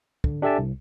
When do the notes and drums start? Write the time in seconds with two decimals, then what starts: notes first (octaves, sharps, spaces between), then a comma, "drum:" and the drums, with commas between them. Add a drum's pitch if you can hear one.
0.24 D3, drum: kick
0.42 D4 G4 A4 E5 G#5 A5
0.58 C2